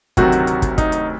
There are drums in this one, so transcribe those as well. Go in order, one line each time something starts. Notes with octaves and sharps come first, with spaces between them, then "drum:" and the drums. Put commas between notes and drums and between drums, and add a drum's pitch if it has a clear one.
D2 C3 D#3 F#3 F#4, drum: kick, hi-hat
drum: hi-hat
drum: hi-hat
drum: kick, hi-hat
D#4, drum: kick, hi-hat
drum: hi-hat